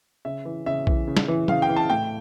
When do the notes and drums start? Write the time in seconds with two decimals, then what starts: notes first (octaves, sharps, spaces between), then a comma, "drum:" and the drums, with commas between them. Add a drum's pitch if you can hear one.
0.25 C#3 E5
0.45 E3
0.66 C#3 E5
0.87 E3, drum: kick A#1
1.08 C#3
1.17 drum: snare
1.28 E3
1.48 C#3 F5, drum: tom
1.62 G5
1.69 E3
1.76 A5
1.90 A2 G5